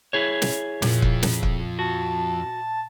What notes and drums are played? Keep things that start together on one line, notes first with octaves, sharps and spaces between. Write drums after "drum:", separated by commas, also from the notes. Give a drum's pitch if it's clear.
E4 G#4 C#5
drum: snare
F2 A#2 F3, drum: snare
drum: kick
drum: snare
drum: kick
F#4 A5